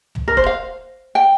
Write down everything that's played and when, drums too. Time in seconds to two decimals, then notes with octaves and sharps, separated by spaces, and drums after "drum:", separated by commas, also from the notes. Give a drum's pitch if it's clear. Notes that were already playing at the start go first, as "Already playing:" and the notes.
0.15 drum: tom
0.28 A#4
0.37 C5, drum: kick
0.46 F5
1.15 G5